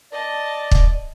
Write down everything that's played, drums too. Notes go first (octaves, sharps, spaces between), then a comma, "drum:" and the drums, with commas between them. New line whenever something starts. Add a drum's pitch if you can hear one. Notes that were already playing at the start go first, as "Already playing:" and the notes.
D5 D#5 A5
drum: kick